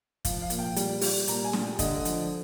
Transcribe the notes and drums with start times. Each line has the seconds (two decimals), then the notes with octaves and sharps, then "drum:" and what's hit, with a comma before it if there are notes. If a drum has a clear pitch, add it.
0.25 F3 F5, drum: kick, hi-hat
0.42 F5
0.50 A#2, drum: hi-hat
0.59 G5
0.76 G3, drum: hi-hat
1.01 G3, drum: open hi-hat
1.28 A#2 A#5, drum: hi-hat
1.44 G#5
1.53 G3, drum: snare
1.62 G5
1.79 D3 D#5, drum: kick, hi-hat
2.05 F3, drum: hi-hat